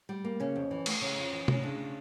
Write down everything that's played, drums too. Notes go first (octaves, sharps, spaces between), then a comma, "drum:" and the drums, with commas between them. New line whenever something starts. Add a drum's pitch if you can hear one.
G3
A#3
C#3 C#4
F2
E3
A3, drum: cymbal
C#3 C#4
F2
E3
A3 C#4, drum: tom C3
C#3 D4